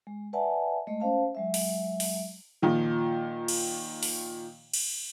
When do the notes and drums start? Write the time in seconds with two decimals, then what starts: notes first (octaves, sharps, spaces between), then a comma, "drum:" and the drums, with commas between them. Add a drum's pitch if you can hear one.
0.07 G#3
0.33 B4 D5 E5 F#5 G#5 A5
0.87 G#3 A3 D#5
1.00 C#4 C5 F5 A5
1.35 F#3 G#3 E5
1.54 drum: open hi-hat
2.00 drum: open hi-hat
2.62 A#2 D#3 F3
3.48 drum: cymbal
4.03 drum: open hi-hat
4.74 drum: cymbal